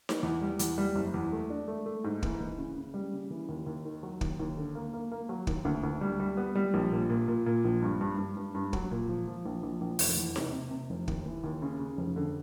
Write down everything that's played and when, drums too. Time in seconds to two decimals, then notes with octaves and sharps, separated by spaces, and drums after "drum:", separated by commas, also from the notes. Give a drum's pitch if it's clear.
0.09 drum: snare D#4
0.23 E2
0.41 G3
0.59 E2, drum: hi-hat
0.78 G3
0.96 F#1
1.14 E2
1.32 A3
1.50 D4
1.68 A3
1.86 A3
2.04 G#2
2.23 E3, drum: kick
2.40 E3
2.58 C#3
2.77 C#3
2.94 G3
3.13 C#3
3.30 E3
3.49 D#2
3.66 D#2
3.85 D#3
4.03 F#3
4.21 D#2, drum: kick
4.40 D#2
4.57 D3
4.75 A#3
4.94 A#3
5.12 A#3
5.29 F#3
5.47 D#2, drum: kick
5.65 D2
5.83 D2
6.01 G3
6.20 G3
6.37 B3
6.55 G3
6.74 A#1
6.91 A#2
7.10 A#2
7.28 A#2
7.46 A#2
7.65 A#1
7.82 G2
8.01 G2
8.18 G2
8.37 G2
8.54 G2
8.73 F#3, drum: kick
8.91 A#2
9.09 F3
9.27 F3
9.46 A#1
9.63 A#1
9.81 A#1
9.99 F1, drum: open hi-hat
10.17 E2
10.36 C3, drum: snare D#4
10.53 C3
10.71 C3
10.90 F1
11.08 D#2, drum: kick
11.26 E3
11.44 D#2
11.62 C#3
11.79 C#3
11.98 F1
12.16 D3